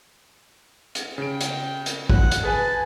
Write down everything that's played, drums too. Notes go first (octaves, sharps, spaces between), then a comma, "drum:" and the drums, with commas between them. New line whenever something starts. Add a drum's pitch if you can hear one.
drum: hi-hat
C#3 G5 D7
drum: hi-hat
drum: hi-hat
F#5, drum: kick
drum: hi-hat
G#4 B4 G#5 A5